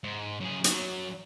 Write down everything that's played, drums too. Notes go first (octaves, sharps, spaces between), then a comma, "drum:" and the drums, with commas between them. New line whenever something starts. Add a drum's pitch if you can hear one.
G#2
F#2 G#4
F#2 F#3, drum: hi-hat